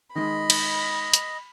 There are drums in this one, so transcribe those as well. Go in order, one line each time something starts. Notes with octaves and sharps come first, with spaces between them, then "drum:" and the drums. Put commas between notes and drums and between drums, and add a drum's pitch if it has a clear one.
D#3 G#3 D#5 B5
drum: cymbal
drum: hi-hat